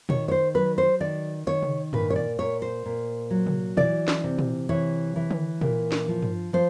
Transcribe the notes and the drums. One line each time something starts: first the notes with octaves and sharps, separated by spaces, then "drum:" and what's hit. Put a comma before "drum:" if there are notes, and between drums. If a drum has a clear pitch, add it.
D#3 C#5, drum: tom A#2
C#5
C5
F#3 B4
C5
D#3 D5
D#3 C#5
drum: tom C3
A#2 B4, drum: tom G2
C#5
D5
A#2 C#5
C5
A#2
F#3
drum: tom C3
E3 D5, drum: tom A#2
drum: snare
C3
drum: tom A#2
E3 C#5
E3
drum: tom D3
A#2, drum: tom A#2
drum: snare
F3
drum: tom G2
F3 C5